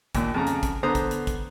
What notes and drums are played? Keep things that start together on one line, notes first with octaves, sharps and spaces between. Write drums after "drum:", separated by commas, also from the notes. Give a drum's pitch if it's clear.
D#2 A#2, drum: kick, hi-hat
F2 C#3 A#5
drum: hi-hat
drum: kick, hi-hat
D3 B3 C5 A#5 D#6
drum: kick, hi-hat
drum: hi-hat
drum: kick, hi-hat